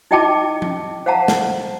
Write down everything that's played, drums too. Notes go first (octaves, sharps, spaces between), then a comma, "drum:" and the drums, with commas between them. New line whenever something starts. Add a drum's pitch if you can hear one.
D#4 E4 D#5 G5 A5 D6
drum: tom F3
C5 F5 F#5 A5 A#5
drum: snare